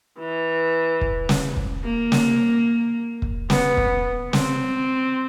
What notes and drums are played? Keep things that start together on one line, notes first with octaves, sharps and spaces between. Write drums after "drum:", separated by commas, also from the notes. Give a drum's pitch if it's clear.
E3
drum: kick
drum: snare
drum: kick
A#3
drum: snare
drum: kick
B3, drum: snare
drum: kick
C4, drum: snare